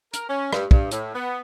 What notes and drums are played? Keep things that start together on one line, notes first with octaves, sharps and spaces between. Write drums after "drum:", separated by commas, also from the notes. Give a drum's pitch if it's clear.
A#4, drum: hi-hat
C#4
G2, drum: rim click
G2, drum: kick
A2, drum: hi-hat
B3